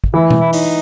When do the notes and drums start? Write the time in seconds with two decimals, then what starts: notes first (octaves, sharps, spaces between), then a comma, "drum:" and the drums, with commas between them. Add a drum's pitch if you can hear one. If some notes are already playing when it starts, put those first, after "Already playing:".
0.04 drum: kick
0.14 E3 E4
0.30 drum: tom B2
0.40 E4
0.53 D#4, drum: open hi-hat